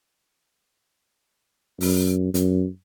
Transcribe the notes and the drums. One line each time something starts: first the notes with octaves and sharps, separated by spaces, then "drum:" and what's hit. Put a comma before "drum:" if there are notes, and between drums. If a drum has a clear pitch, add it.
F#2, drum: open hi-hat
F#2, drum: hi-hat